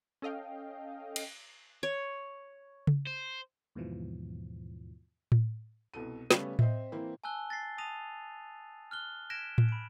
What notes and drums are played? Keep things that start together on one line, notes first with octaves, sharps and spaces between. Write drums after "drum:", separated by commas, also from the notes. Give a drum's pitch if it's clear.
C#4 A4 D#5 F5 G5
drum: cymbal
C#5
drum: tom C#3
C5
D#2 G#2 B2 E3 F3
drum: tom A2
C2 B2 A4 D#7
C#3 G3 A3 B3 C#4, drum: snare
C4 C5 D#5 E5, drum: tom A2
E3 A#3 C4 E4
G#5 A5 E6 F#6 G7
A6 A#6 C7
A5 D#6 A#6 D#7 F7
F6 F#6 G7
F#6 G#6 A#6 B6 D7 E7
drum: tom A2
B5 D7